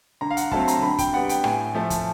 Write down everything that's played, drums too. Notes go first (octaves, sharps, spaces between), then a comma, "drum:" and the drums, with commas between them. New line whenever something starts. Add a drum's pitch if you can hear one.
D3 A#5
F5
F#5, drum: hi-hat
F#3 A3 C4 A5, drum: kick
A#5, drum: hi-hat
D3 B5
G5, drum: kick, hi-hat
G3 B3 F#5
G5, drum: hi-hat
A2 G#5, drum: rim click
F3 A3
drum: kick, hi-hat